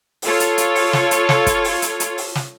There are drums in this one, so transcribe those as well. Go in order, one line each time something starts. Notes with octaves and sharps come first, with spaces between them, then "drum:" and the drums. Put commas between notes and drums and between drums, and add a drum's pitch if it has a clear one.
F4 A4 C#5, drum: open hi-hat
drum: hi-hat
drum: hi-hat
drum: open hi-hat
drum: snare
drum: hi-hat
drum: snare
drum: kick, hi-hat
drum: open hi-hat
drum: hi-hat
drum: hi-hat
drum: open hi-hat
drum: snare